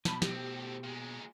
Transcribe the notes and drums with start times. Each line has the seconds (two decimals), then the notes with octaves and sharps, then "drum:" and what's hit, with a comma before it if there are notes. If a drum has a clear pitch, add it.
0.05 B2 A5 B5, drum: snare
0.22 A2 C4 G4, drum: snare
0.84 A#2 G#3